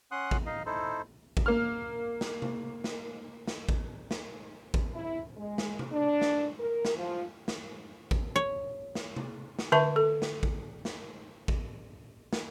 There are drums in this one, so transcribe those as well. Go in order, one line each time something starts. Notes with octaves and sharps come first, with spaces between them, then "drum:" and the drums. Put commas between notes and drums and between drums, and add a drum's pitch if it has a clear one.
C#4 F#5 C6 D#6 F#6
drum: kick A1
D#4 D#5 F5
D#4 E4 A4 C5
drum: kick A1
A#3 F6
drum: snare
drum: tom C3
drum: snare
drum: snare
drum: kick A1
drum: snare
drum: kick A1
E4
G#3
drum: snare
drum: tom C3
D4
drum: snare
A#4
drum: snare
F3
drum: snare
drum: kick A1
C#5
drum: snare
drum: tom C3
drum: snare
D3 B4 E5 A5 C#6
A4
drum: snare
drum: kick A1
drum: snare
drum: kick A1
drum: snare